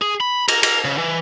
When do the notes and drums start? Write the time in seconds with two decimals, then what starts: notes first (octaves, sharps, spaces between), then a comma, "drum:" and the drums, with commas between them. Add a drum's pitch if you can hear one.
0.02 G#4
0.21 B5
0.48 A#4, drum: cymbal
0.63 A#4, drum: cymbal
0.85 C#3
0.98 E3